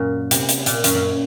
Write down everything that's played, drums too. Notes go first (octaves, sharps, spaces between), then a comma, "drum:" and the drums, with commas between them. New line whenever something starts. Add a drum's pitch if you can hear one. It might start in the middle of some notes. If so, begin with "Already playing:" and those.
Already playing: F#2 A#2
C3, drum: hi-hat
drum: hi-hat
A#2, drum: hi-hat
F#2, drum: hi-hat
F#2